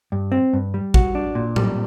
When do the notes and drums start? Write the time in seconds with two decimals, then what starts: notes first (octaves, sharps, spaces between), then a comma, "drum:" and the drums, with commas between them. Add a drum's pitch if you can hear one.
0.12 G2
0.32 C4
0.53 G2
0.74 G3
0.94 F#4, drum: kick G#1
1.15 D4
1.35 A#2
1.56 G3, drum: tom A2